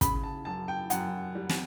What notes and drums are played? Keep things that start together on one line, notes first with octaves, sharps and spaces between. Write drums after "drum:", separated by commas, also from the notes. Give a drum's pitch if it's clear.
C#3 B5, drum: kick, hi-hat
A5
F#2 A5
G5
F#2 F#5, drum: hi-hat
G3
drum: snare